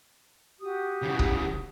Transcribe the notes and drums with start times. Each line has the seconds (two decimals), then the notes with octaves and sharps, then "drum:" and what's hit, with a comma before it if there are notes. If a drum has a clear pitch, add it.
0.60 F#4 G4 D#6
1.02 C#3 E3
1.19 drum: kick